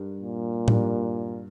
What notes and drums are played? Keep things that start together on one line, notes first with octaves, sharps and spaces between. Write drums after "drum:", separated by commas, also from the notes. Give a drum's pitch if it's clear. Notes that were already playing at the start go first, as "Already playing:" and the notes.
Already playing: G2 G3 D4 G4 A#4
A#2
G2 G3 D4 G4 A#4, drum: tom A2